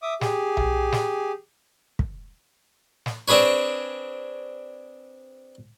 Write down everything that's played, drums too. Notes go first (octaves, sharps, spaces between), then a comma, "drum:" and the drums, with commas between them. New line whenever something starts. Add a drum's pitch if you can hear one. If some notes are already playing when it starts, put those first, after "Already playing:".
E5 D6 D#6
G4 G#4, drum: snare
drum: tom B1
drum: snare
drum: kick
drum: snare
C4 D4 G#4 B4 C#5